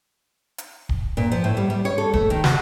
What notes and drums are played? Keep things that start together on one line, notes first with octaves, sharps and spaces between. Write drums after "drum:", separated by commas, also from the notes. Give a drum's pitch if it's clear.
drum: hi-hat
drum: kick
A#2
F3
A2
G3
G3
C#5
A4
A3, drum: kick
D#3
F#4, drum: snare